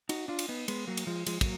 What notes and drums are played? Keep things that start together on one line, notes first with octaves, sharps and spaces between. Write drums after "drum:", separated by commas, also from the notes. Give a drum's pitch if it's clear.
D#4 F#4, drum: cymbal
D4 F4
drum: cymbal
B3 D#4
G#3 B3, drum: cymbal
F#3 A#3
drum: cymbal
F3 G#3
F3 G#3, drum: cymbal
F#3 A#3, drum: kick, cymbal